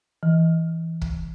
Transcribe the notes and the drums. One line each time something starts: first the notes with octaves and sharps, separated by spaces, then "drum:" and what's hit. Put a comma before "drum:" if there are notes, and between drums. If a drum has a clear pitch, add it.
E3
drum: kick